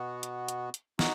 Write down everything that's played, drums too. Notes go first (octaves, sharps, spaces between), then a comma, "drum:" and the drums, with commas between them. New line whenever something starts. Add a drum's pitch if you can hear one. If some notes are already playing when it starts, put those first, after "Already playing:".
Already playing: B2 B3 F#4
drum: hi-hat
drum: hi-hat
drum: hi-hat
D#4 F#4, drum: snare